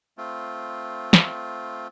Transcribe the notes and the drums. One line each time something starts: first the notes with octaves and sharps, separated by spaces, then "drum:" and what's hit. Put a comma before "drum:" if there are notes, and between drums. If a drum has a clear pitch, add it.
A3 C4 F4
drum: snare